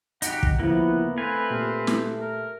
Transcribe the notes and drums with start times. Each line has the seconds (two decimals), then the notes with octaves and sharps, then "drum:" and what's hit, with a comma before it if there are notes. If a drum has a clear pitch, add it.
0.22 D#4 F#4 G4 F#5, drum: hi-hat
0.43 drum: kick
0.60 D2 C#3 F3 A#3 B3 E4
1.17 A3 C4 B4 F5 G#5 G#6
1.51 A#2 G4 F6
1.87 drum: snare
2.21 A#4